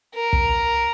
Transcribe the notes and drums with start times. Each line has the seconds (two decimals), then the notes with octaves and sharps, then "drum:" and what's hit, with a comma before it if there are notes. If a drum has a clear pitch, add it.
0.15 A#4
0.33 drum: kick